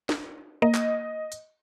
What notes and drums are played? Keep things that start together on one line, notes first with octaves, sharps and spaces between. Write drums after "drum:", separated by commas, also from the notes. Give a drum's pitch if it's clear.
drum: snare
A#3 D#5
drum: clap
drum: hi-hat